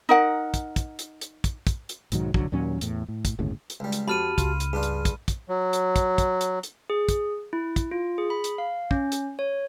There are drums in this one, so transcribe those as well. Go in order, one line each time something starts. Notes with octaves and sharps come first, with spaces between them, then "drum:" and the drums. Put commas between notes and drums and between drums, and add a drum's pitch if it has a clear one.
D#4 A#4 F#5
drum: kick, hi-hat
drum: kick, hi-hat
drum: hi-hat
drum: hi-hat
drum: kick, hi-hat
drum: kick, hi-hat
drum: hi-hat
B1 G#2 D#3 F#3, drum: hi-hat
F#1 C2 D3 F#3, drum: kick
D#2 A#2 F#3 C#4
E2 A2, drum: hi-hat
A2
drum: kick, hi-hat
G1 D#2 A2 C#3
drum: hi-hat
C#2 G3
drum: hi-hat
F2 F#4 G4 A5 B5 F6 D#7
C#2 F4, drum: kick, hi-hat
drum: hi-hat
G2 D4 F4 G#4
drum: hi-hat
drum: kick, hi-hat
drum: kick, hi-hat
F#3
drum: hi-hat
drum: kick, hi-hat
drum: kick, hi-hat
drum: hi-hat
drum: hi-hat
G#4
drum: kick, hi-hat
E4
drum: kick, hi-hat
F4
G#4
B5
drum: hi-hat
F5
C#4, drum: kick
drum: hi-hat
C#5